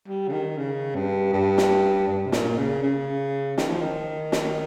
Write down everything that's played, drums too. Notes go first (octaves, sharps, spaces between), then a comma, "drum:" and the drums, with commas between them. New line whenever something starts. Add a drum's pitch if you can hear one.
G3
C#3
D#3
C#3
G2
G2
drum: snare
G2
C3
A#2, drum: snare
C#3
C#3
D#3, drum: snare
F3
D#3
drum: snare